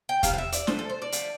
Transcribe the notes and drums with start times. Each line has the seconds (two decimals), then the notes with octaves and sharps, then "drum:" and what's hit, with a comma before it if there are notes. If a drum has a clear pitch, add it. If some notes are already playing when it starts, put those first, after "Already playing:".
0.09 G5
0.23 C3 G3 F5, drum: kick E2, hi-hat
0.33 F5
0.38 E5
0.52 D5, drum: hi-hat
0.67 D3 F3 A3 C5, drum: snare
0.79 A4
0.90 C5
1.02 D5
1.12 D3 F3 A3, drum: hi-hat